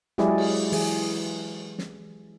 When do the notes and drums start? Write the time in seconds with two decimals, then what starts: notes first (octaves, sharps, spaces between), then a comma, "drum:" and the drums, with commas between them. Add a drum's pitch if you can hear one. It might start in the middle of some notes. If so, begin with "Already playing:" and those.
0.18 F#3 G#3 E4 G4 G#4 D5, drum: snare
0.38 drum: cymbal
0.72 E3 G#4, drum: open hi-hat
1.79 drum: snare